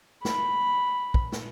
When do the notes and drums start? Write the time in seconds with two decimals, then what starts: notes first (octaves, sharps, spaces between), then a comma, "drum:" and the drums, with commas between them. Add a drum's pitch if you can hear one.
0.25 B5, drum: snare
1.14 drum: kick
1.32 drum: snare